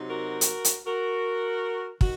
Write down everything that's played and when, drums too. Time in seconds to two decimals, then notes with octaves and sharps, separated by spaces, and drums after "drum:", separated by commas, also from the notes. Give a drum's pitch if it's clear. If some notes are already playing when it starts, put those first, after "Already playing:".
Already playing: C3 F#3 C4 D#4
0.09 F#4 A#4
0.41 drum: hi-hat
0.65 drum: hi-hat
0.86 F#4 A#4
2.01 D#3 F#4, drum: kick